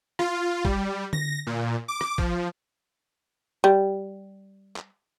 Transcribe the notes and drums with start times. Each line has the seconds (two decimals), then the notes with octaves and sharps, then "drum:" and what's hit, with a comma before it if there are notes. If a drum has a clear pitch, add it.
0.19 F4, drum: rim click
0.65 G3, drum: kick A1
1.13 A#6, drum: tom D3
1.47 A#2
1.88 D6
2.01 drum: rim click
2.18 F3, drum: kick A1
3.64 G3
4.77 drum: clap